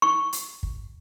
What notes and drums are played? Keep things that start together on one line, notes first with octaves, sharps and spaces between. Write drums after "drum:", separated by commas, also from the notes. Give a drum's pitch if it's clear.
C#6
drum: hi-hat
drum: kick